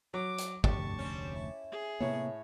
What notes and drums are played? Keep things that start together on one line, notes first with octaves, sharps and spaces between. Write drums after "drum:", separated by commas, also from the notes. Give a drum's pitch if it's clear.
F#3 D6
drum: hi-hat
F1 D2 G4 A5 C#6, drum: kick
G3 C4 C#4
E4
G#4
A2 C3 A#3 B3 E4 C#5